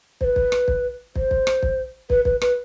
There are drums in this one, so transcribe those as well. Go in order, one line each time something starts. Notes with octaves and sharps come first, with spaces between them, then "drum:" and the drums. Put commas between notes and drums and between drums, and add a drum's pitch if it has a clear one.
C5, drum: kick
B4
drum: kick
drum: rim click
drum: kick
C5, drum: kick
drum: kick
drum: rim click
drum: kick
B4, drum: kick
B4, drum: kick
B4, drum: rim click